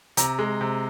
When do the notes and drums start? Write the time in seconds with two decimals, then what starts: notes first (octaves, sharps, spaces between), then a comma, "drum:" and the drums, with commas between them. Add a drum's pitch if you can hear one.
0.17 C3 A#5, drum: hi-hat
0.39 G#3
0.61 C3